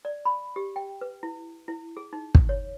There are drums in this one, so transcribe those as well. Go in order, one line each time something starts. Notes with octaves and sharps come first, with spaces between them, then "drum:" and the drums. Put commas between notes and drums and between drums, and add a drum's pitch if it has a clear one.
D5
B5
G4
G5
B4
E4
E4
G#4
D#4
drum: kick
C#5